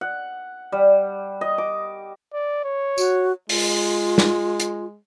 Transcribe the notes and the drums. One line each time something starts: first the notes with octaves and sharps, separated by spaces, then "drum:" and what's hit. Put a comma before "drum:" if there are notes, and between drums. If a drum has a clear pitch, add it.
F#5
G3
D#5
D6
D5
C#5
F#4, drum: tambourine
G#3 F4, drum: open hi-hat
drum: snare
drum: hi-hat